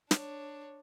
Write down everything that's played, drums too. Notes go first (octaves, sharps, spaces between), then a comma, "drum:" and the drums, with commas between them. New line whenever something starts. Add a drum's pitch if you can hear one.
D4 C#5, drum: snare